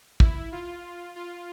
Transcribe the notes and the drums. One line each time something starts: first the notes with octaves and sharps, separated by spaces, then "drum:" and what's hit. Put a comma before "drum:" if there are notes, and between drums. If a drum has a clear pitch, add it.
E4, drum: kick
F4
F4